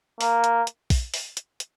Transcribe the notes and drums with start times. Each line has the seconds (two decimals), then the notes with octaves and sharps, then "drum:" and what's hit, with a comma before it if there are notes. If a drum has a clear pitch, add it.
0.21 A#3, drum: open hi-hat
0.44 drum: hi-hat
0.67 drum: hi-hat
0.90 drum: kick, open hi-hat
1.14 drum: open hi-hat
1.37 drum: hi-hat
1.60 drum: hi-hat